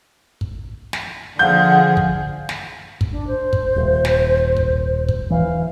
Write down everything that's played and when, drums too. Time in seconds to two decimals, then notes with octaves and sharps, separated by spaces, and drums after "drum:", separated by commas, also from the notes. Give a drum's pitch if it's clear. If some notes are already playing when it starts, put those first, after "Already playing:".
0.41 drum: kick
0.93 drum: snare
1.39 D3 F3 G#4 F5 F#5 G6
1.97 drum: kick
2.49 drum: snare
3.01 drum: kick
3.11 D4
3.27 C5
3.53 drum: kick
3.76 D#1
4.05 drum: snare
4.57 drum: kick
5.08 drum: kick
5.30 E3 F5